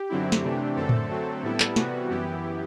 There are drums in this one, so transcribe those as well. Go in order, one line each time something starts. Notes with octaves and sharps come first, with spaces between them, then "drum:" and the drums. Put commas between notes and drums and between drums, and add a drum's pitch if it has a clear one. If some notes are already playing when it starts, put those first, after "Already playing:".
Already playing: G4
F#2 D3 F#3 C4 E4
drum: snare
C3 E3 A3 D4
F#2 D3 A3 C4 A4
drum: tom A2
D3 F#3 A3 C4
A2 G3 B3 E4
drum: clap
C3 E3 G3 B3 F#4, drum: snare
F#2 E3 B3 E4 G4